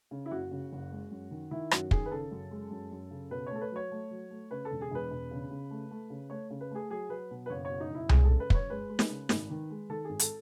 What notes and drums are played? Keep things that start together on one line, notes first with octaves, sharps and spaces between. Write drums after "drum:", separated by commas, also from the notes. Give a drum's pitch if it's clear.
C#3
E4
F#1 F#4
C#3
F#1
G#3
F#2
D#3
D#3 E4
F#2 F#4, drum: rim click
D#3 G#4, drum: kick
B4
C#3 A4
F#2
G#3
F#2
F#2
C#3
B2 B4
A3 C#5
A4
B4
F#3 C#5
A3
F#3
A3
C#3 B4
A4
E1
G#4
E1 B4
E1
C#3
C#3
A3
A3
C#3
A3 C#5
C#3
B4
A3 G#4
F#3 G#4
F#3 B4
B2
B4
F#1 C#5
B2 C#5
D#4
F#1 E4
G#3 G#4, drum: tom C2
A4
C#3
B4
F#2 C#5, drum: kick
G#3 B4
G#3
drum: snare
C#3
G#1, drum: snare
D#3
G#3
D#3 A4
G#1 G#4
A4, drum: hi-hat